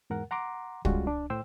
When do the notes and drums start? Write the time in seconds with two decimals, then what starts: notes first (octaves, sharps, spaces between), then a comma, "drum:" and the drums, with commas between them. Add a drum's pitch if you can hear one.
0.10 E2 G#2 A#4 F#5
0.31 F#5 A#5 C6 D6
0.85 G3 G#3 C#4 F4 F#4, drum: kick
1.07 D4
1.30 A2 C5 G5 E6